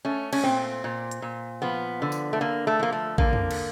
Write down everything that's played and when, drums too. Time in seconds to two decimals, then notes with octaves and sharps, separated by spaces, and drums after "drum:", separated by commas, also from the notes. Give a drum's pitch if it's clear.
0.05 A3 C#4
0.33 C#4, drum: cymbal
0.44 A#2 C4
0.84 A#2
1.11 drum: hi-hat
1.22 A#2
1.62 F3 B3
2.02 D3
2.12 drum: tambourine
2.33 A3
2.41 D3 A#3
2.67 A3
2.79 F3 A#3
2.92 A3
3.18 D3 A#3, drum: kick A#1
3.33 drum: tom
3.51 drum: cymbal